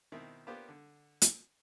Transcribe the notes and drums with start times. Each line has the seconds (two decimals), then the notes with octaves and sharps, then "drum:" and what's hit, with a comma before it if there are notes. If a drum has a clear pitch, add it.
0.12 B2 D#3 C4 E4
0.47 A#3 B3 D4 F4 G4 C5
0.69 D3
1.22 drum: hi-hat